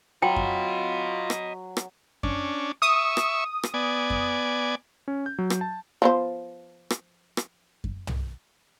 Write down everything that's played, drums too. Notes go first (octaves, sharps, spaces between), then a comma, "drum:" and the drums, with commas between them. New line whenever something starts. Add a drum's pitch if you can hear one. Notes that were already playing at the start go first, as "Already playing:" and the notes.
F#3 F4 D#5 G5 B5
drum: kick F#2
drum: rim click
drum: rim click
C#4 D4, drum: kick F#2
E5 C#6 D#6
drum: rim click
drum: rim click
B3 D5 G#5
drum: kick F#2
C#4
G6
F#3
drum: rim click
A5
F3 B3 C5
drum: rim click
drum: rim click
drum: kick F#2
drum: tom